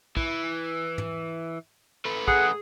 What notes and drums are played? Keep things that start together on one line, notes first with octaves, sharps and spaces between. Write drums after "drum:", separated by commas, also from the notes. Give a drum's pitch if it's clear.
E3, drum: kick
drum: tom
A3 B4
G#4 F#5, drum: kick